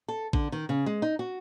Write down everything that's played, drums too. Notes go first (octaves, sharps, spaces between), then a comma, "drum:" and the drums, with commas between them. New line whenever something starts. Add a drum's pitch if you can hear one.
A4
D3, drum: kick A1
D#3
C#3
G#3
D#4
F#4